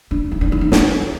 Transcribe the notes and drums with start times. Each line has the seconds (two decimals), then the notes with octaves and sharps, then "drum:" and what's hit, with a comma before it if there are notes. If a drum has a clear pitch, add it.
0.11 D4
0.32 D#4
0.41 D4
0.52 D#4
0.61 D4
0.72 D4, drum: snare